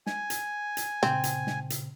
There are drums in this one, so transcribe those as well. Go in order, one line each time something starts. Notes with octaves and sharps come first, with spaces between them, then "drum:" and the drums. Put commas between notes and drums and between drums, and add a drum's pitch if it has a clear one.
G#5, drum: snare
drum: hi-hat
drum: hi-hat
A#2 C#3 C4, drum: snare
drum: hi-hat
drum: snare
drum: hi-hat